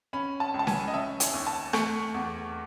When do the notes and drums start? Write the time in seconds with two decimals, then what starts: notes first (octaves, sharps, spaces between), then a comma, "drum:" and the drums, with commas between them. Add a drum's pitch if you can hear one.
0.13 C#4 B5
0.40 A5
0.54 C#2
0.59 A5
0.67 G#5, drum: snare C#4
0.88 D#5
0.94 C#4 E5
1.20 G#5, drum: hi-hat
1.34 D#2
1.47 A5
1.73 A3 C#6, drum: rim click
2.14 E2